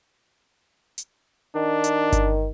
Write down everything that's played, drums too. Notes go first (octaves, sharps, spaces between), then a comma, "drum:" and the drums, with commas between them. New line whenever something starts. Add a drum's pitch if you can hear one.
drum: hi-hat
D#3 D4
drum: hi-hat
drum: kick G1, hi-hat